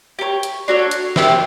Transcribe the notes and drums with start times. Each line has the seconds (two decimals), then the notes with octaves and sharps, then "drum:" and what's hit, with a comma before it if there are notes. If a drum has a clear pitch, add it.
0.19 G4 A#4 C#5
0.43 drum: hi-hat
0.68 D4 F#4 A4 C#5
0.91 drum: hi-hat
1.16 C4 E4 G4, drum: snare